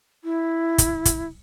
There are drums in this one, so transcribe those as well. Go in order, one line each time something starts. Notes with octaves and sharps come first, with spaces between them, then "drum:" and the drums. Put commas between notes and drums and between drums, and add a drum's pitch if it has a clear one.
E4
drum: kick, hi-hat
drum: kick, hi-hat